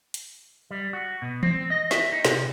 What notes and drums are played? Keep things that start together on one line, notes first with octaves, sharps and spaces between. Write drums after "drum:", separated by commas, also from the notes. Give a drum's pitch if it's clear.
drum: hi-hat
G3
F#4
B2
C4, drum: tom E3
D#5
E5, drum: snare
D#4
C3, drum: snare